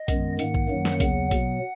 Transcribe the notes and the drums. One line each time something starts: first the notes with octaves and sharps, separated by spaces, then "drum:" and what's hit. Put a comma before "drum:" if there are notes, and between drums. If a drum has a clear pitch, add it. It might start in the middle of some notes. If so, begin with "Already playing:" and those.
Already playing: D#5
F#2 D#3 G#3 B3, drum: kick A#1, hi-hat
G#2 D#3 A#3 F#5, drum: hi-hat
drum: kick A#1
F#2 D#3 F#3 A#3
drum: snare
D#2 C#3 F#3 B3 F#5, drum: kick A#1, hi-hat
B2 F#3 B3, drum: kick A#1, hi-hat